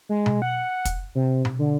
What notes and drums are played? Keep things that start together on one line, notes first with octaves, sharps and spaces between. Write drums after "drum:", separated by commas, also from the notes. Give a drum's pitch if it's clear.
G#3
drum: tom B2
F#5
drum: kick, hi-hat
C3
drum: tom B2
D3